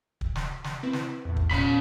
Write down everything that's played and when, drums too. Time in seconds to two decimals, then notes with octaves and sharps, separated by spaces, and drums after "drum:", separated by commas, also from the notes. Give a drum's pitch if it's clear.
0.21 drum: kick
0.35 drum: snare
0.64 drum: snare
0.83 C4 E4 B4
0.93 drum: snare
1.25 E2 A2
1.37 drum: kick
1.51 A#2 B3 C#4 B5, drum: snare